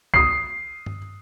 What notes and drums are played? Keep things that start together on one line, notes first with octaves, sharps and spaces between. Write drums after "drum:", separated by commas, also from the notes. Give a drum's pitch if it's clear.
D#6 C7, drum: kick C2
drum: tom G2